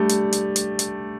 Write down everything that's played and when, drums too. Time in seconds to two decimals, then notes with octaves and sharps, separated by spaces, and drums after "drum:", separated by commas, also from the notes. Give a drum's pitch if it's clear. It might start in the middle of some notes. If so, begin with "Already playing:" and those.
Already playing: G3 A3 D4
0.09 drum: hi-hat
0.32 drum: hi-hat
0.56 drum: hi-hat
0.79 drum: hi-hat